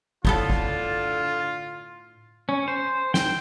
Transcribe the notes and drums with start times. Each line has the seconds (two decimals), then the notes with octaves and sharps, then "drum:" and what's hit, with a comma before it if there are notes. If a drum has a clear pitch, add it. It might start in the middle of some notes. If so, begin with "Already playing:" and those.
0.25 A2 D3 B3 F4 A4, drum: kick
0.50 drum: kick
2.49 C#4
2.68 C5
3.14 G5, drum: snare